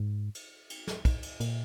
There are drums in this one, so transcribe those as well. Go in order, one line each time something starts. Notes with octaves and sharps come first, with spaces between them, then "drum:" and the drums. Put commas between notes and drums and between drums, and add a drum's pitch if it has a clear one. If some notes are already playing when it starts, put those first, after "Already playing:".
Already playing: G#2
drum: cymbal
drum: cymbal
drum: snare
drum: kick, cymbal
drum: cymbal
A#2, drum: cymbal